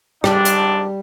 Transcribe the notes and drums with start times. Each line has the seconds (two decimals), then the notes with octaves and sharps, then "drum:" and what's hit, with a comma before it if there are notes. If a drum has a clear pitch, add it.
0.24 G#1 G3 D4, drum: rim click
0.45 drum: hi-hat